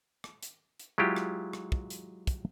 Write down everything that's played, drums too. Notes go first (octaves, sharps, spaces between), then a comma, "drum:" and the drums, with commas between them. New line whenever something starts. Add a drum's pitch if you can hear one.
drum: rim click
drum: hi-hat
drum: hi-hat
F#3 G#3 E4 F4 G4
drum: rim click
drum: rim click
drum: kick
drum: hi-hat
drum: kick, hi-hat